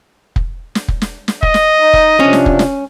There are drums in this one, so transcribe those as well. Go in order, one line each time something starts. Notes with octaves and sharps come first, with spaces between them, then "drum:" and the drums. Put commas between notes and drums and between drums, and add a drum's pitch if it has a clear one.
drum: kick
drum: snare
drum: kick
drum: snare
drum: snare
D#5, drum: kick
drum: snare
D#4
drum: kick
C3 F3 C#4 D4
drum: snare
drum: kick
drum: snare